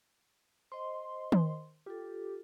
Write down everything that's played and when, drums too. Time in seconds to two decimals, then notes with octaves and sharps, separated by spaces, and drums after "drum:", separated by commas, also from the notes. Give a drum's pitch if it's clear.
0.72 C5 D#5 C6
1.32 drum: tom D#3
1.86 F4 G4 A4